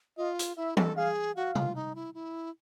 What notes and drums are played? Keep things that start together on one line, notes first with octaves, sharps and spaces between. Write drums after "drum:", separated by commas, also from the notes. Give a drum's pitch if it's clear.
F4 D#5
drum: hi-hat
E4 E5
A4, drum: tom E3
G#4 F5
F#4 F5
F4, drum: tom C3
D#4
E4
E4